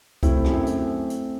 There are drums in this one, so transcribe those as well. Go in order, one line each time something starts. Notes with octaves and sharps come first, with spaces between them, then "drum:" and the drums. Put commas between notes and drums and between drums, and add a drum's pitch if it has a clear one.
A3 C4 E4, drum: kick C2, hi-hat
F#2, drum: rim click
drum: hi-hat
drum: hi-hat